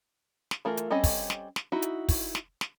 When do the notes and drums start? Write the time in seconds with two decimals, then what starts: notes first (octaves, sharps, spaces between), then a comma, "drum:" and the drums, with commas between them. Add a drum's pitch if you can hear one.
0.51 drum: snare
0.65 E3 A3 F4 A#4
0.77 drum: hi-hat
0.90 G3 C4 C#4 A4 D#5
1.04 drum: kick, open hi-hat
1.30 drum: snare
1.56 drum: snare
1.72 D#4 E4 F#4
1.82 drum: hi-hat
2.09 drum: kick, open hi-hat
2.35 drum: snare
2.61 drum: snare